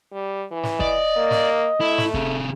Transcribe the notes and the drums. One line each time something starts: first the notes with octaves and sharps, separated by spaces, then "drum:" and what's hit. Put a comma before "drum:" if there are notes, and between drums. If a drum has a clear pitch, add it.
G3
E3
drum: snare
D5 D#5, drum: kick
A#3
drum: snare
A3 E4
drum: snare
C3 G#4, drum: kick